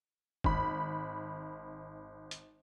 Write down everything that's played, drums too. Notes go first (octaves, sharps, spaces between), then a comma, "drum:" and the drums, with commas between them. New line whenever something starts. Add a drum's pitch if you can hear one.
G#1 B5, drum: kick
drum: hi-hat